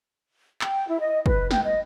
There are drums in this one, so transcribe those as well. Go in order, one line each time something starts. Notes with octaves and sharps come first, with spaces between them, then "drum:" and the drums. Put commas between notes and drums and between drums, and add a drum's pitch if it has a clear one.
G5, drum: clap
E4
D#5
B4, drum: kick
G5, drum: snare
D#5